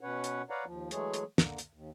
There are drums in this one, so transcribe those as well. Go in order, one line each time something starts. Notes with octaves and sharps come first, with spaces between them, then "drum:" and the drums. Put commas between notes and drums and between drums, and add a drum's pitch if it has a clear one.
B2 C#4 B4 C#5 F#5
drum: hi-hat
B4 C#5 D5 F5 F#5 A#5
D#2 F3
E3 F#3 G#3 A3 G#4 C#5, drum: hi-hat
drum: hi-hat
D3 A#3, drum: snare
drum: hi-hat
D#2